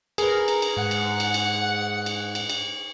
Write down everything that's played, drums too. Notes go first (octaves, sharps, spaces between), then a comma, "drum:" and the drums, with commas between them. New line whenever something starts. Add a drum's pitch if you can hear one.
G#4 A#4 B4, drum: cymbal
drum: cymbal
drum: cymbal
G#2 F#5
drum: cymbal
drum: cymbal
drum: cymbal
drum: cymbal
drum: cymbal
drum: cymbal